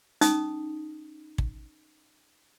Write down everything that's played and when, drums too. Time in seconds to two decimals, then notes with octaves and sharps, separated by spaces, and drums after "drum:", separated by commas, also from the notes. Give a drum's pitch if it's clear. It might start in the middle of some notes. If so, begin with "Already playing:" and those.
0.21 C#4 D#4 D#6, drum: hi-hat
1.38 drum: kick